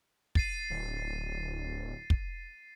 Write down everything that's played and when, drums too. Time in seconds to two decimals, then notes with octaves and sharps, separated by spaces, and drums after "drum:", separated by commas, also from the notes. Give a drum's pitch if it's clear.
0.35 A6 C7 D#7, drum: kick
0.70 D1
2.10 drum: kick